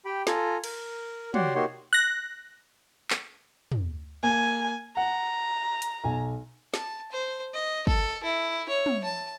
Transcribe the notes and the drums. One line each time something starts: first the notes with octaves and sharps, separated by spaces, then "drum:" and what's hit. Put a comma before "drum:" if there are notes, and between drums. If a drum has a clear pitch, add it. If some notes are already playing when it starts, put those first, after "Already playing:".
G4 G5 B5
F4 A4 G#5 A#5, drum: snare
A#4, drum: cymbal
F#4 G4 C#5 D5 F#5 C6, drum: tom
A#3 D#4 F#4 G4 C#5 C6
F#6 A#6
drum: clap
drum: tom
A#3 G#5
F#5 A#5
drum: hi-hat
B1 G#5
A5, drum: snare
C5
D#5
A4, drum: kick
E4
C#5
drum: tom
A5